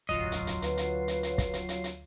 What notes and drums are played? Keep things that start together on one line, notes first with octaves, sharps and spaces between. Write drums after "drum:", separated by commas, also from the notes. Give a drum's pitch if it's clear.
E1 A1 D2 F#3 F4 D#5 C7
drum: hi-hat
drum: hi-hat
D2 B4, drum: hi-hat
drum: hi-hat
drum: hi-hat
drum: hi-hat
drum: kick, hi-hat
drum: hi-hat
drum: hi-hat
drum: hi-hat